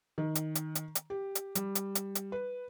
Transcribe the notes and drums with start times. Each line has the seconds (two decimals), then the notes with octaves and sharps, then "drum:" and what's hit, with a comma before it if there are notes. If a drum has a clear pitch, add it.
0.18 D#3
0.35 drum: hi-hat
0.55 drum: hi-hat
0.75 drum: hi-hat
0.95 drum: hi-hat
1.10 G4
1.35 drum: hi-hat
1.55 G3, drum: hi-hat
1.75 drum: hi-hat
1.95 drum: hi-hat
2.15 drum: hi-hat
2.32 B4